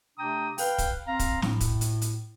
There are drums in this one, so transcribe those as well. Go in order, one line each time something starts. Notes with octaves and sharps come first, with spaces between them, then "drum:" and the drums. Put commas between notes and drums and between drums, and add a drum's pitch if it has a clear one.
C3 A3 D4 G5 A#5 D#6
B4 F5 G5, drum: open hi-hat
drum: kick, hi-hat
C4 F5 A#5
drum: kick, hi-hat
A2, drum: snare
drum: kick, hi-hat
drum: hi-hat
drum: hi-hat